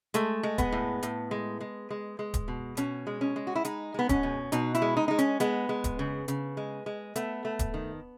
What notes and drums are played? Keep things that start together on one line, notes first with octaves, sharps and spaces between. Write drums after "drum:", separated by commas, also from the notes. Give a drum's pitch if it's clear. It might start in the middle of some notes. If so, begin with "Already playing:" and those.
G#3 A3, drum: hi-hat
G#3
B3, drum: kick D1, hi-hat
A2
A2, drum: hi-hat
G#3
G#3
G#3
G#3
drum: kick D1, hi-hat
B2
B2 C#4, drum: hi-hat
G#3
C#4
G#3
F#4
E4
G#3 D#4, drum: hi-hat
G#3 B3
C#4, drum: kick D1, hi-hat
B2
B2 D#4, drum: hi-hat
E4, drum: hi-hat
G#3
D#4
G#3 D#4
C#4, drum: hi-hat
G#3 B3, drum: hi-hat
G#3
drum: kick D1, hi-hat
C#3
C#3, drum: hi-hat
G#3
G#3
A3 B3, drum: hi-hat
A3
drum: kick D1, hi-hat
D#3